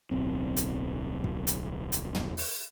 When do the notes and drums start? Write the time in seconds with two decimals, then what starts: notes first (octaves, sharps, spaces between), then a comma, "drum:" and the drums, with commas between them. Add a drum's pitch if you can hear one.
0.11 D1 B1 C4
0.56 drum: hi-hat
1.24 drum: kick
1.47 drum: hi-hat
1.92 drum: hi-hat
2.15 drum: tom
2.37 drum: open hi-hat